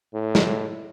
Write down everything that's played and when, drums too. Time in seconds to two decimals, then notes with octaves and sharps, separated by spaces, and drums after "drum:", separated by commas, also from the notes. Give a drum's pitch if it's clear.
0.14 A2
0.35 drum: snare